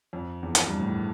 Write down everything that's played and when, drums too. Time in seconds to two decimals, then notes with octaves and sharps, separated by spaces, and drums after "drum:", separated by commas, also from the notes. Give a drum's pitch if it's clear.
0.13 F2
0.43 E2
0.55 F2, drum: hi-hat
0.67 G2
0.79 A2